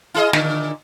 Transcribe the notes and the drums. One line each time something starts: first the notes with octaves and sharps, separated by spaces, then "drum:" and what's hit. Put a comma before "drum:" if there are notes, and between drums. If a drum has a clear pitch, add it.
E4 G#4 D#5
A#2 D3, drum: snare